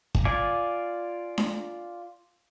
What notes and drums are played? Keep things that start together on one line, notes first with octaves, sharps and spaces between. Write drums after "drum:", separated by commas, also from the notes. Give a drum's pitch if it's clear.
drum: kick
F4 D5 G#5
drum: snare D4